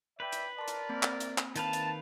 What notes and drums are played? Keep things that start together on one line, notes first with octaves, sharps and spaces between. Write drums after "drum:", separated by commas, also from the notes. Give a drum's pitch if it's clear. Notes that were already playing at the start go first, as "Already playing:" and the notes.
B4 D5 E5 G5
drum: hi-hat
A#4 D5 A5 C6
drum: hi-hat
A#3 C4
drum: clap
drum: hi-hat
drum: clap
D#3 B4 F5 A5, drum: hi-hat
drum: hi-hat